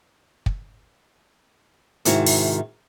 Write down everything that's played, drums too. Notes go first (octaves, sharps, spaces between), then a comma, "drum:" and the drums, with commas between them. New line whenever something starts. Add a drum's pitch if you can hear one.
drum: kick
G#2 C3 D#3 E4 F#4, drum: hi-hat
drum: open hi-hat